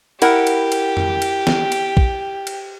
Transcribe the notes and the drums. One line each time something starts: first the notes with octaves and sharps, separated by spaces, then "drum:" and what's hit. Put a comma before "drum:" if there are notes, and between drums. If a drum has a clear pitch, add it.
E4 G4 A#4 F#5, drum: cymbal
drum: cymbal
drum: cymbal
drum: tom F2
drum: cymbal
drum: snare
drum: cymbal
drum: kick
drum: cymbal